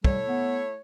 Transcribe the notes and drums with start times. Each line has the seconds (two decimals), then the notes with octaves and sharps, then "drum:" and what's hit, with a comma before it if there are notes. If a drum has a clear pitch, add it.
0.04 G3 A3 E4 C#5, drum: kick
0.27 B3